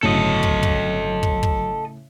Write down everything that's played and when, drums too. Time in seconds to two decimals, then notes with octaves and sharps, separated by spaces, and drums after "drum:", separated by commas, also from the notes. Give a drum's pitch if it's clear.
0.03 G1 A2 C#3 F#3 A4 D#5 C#7
0.43 drum: kick
0.63 drum: kick
1.23 drum: kick
1.43 drum: kick